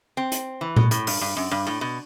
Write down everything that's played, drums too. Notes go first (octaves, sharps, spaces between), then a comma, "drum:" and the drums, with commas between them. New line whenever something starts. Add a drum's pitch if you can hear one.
C4
drum: hi-hat
E3
B2, drum: tom A#2
A2, drum: hi-hat
G2, drum: open hi-hat
G2
F#2
G2
A2
B2